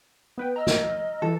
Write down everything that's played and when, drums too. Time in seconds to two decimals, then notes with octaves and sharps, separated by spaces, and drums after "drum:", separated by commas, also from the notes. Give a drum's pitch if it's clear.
0.38 B3 B4 G5
0.56 D#5 A#5 E6 F6
0.67 drum: snare
1.22 E3 A4